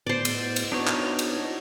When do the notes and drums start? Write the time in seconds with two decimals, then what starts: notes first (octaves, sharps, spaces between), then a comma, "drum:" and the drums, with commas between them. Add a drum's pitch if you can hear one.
0.07 A2 B3 C5 D5
0.25 drum: cymbal
0.56 drum: cymbal
0.72 B3 D4 D#4 F#4 C#5
0.87 drum: clap
1.19 drum: cymbal